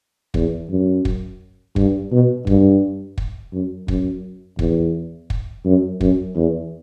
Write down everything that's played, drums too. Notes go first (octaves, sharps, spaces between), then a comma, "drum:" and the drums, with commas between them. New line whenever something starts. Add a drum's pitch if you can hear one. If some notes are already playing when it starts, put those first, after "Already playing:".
E2, drum: kick
F#2
drum: kick
G2, drum: kick
B2
G2, drum: kick
drum: kick
F#2
F#2, drum: kick
E2, drum: kick
drum: kick
F#2
F#2, drum: kick
E2